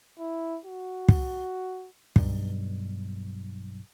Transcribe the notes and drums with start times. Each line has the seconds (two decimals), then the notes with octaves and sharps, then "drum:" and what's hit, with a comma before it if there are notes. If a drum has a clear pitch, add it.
0.19 E4
0.65 F#4
1.08 drum: kick
2.16 B1 G2, drum: kick